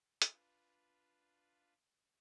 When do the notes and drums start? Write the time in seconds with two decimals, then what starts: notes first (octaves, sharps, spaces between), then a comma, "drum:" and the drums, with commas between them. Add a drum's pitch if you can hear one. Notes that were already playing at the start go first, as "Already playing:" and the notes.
0.22 D4 F4 B4, drum: hi-hat